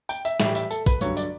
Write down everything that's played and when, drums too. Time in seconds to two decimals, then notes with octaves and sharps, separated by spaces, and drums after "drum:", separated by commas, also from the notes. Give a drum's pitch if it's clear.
0.09 G5, drum: tambourine
0.25 E5, drum: tambourine
0.40 A2 E3 G3 E5, drum: snare
0.55 E5, drum: tambourine
0.71 A4, drum: tambourine
0.86 B4, drum: kick, tambourine
1.01 G2 D3 F#3 C#5, drum: tambourine
1.17 D5, drum: tambourine